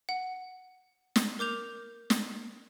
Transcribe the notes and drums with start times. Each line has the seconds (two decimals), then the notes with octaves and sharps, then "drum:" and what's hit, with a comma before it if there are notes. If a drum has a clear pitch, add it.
0.09 F#5
1.16 drum: snare
1.39 A#4 D6 G6 F7
2.10 drum: snare